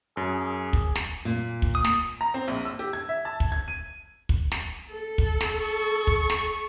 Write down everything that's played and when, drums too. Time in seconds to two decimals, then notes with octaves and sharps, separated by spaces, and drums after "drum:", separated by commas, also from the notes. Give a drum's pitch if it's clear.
0.17 F#2 G#4
0.73 drum: kick
0.95 drum: snare
1.25 A#2
1.62 drum: kick
1.75 D#6
1.84 drum: snare
2.21 A#5
2.34 C4
2.48 A#1
2.65 E6
2.79 G4
2.93 G#6
3.09 E5
3.25 A5
3.40 drum: kick
3.52 G#6
3.68 D#7
4.29 drum: kick
4.52 drum: snare
4.91 A4
5.18 drum: kick
5.41 drum: snare
5.63 C#6
6.07 drum: kick
6.30 drum: snare